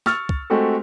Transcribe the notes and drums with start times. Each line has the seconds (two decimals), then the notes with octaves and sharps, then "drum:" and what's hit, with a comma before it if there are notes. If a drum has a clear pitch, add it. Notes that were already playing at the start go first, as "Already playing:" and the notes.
0.06 C#6 E6 F6 A6, drum: snare
0.29 drum: kick
0.50 G#3 A3 C4 F#4 G4 A4